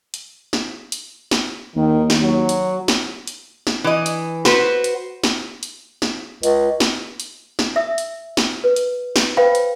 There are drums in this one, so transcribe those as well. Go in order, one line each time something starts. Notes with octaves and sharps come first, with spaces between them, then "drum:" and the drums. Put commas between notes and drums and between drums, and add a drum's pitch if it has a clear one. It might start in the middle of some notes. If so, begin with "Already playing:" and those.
drum: hi-hat
drum: snare
drum: hi-hat
drum: snare
D#2 D#3
drum: snare
F#3
drum: hi-hat
drum: snare
drum: hi-hat
drum: snare
E3 D#5
drum: hi-hat
F#4 B4 C5, drum: snare
drum: hi-hat
drum: snare
drum: hi-hat
drum: snare
C#2, drum: hi-hat
drum: snare
drum: hi-hat
drum: snare
E5 E6
drum: hi-hat
drum: snare
B4
drum: hi-hat
drum: snare
B4 C5 F5 G5 B5
drum: hi-hat